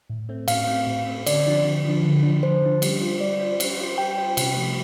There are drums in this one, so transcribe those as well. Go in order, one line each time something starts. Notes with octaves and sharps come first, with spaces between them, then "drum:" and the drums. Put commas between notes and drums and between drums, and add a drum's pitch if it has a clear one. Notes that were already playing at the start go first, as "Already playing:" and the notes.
A2
A3 C4
A2 F5, drum: cymbal
A3 C4
A2
A3 C4
D3 D5, drum: cymbal
F3 D4
D3
F3 D4
D3
F3 D4
D3 C5
F3 D4
G3, drum: cymbal
F4 C5
G3 D5
F4 C5
G3, drum: cymbal
F4 C5
G3 G5
F4 C5
C3, drum: cymbal
F3 A3